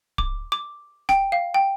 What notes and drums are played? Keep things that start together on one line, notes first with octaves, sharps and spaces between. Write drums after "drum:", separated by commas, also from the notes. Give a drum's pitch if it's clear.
D6, drum: kick D1
D6
G5, drum: snare
F5
G5